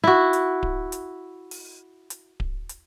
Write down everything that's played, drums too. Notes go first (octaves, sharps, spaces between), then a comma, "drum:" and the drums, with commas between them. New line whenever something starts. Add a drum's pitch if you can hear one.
E4 F#4
drum: hi-hat
drum: kick D1
drum: hi-hat
drum: open hi-hat
drum: hi-hat
drum: kick D1
drum: hi-hat